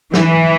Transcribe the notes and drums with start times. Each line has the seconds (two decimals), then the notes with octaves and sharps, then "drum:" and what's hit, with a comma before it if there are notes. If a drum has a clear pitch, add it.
0.14 E3, drum: snare